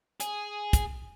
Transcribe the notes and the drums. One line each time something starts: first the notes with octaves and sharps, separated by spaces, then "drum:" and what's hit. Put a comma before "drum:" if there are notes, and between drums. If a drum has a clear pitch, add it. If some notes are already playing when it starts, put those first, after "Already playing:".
G#4, drum: hi-hat
drum: kick, hi-hat